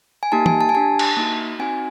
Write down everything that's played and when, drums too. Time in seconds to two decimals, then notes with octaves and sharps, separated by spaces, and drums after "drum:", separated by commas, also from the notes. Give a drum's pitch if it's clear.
0.23 G#5
0.32 A#3 D#4 G4 A5
0.46 G#5, drum: tom
0.61 A5
0.69 G#5
0.74 D4 G4 A5
0.99 drum: cymbal
1.17 A#3 D#4 F#4
1.59 C4 D#4 F#4 G#5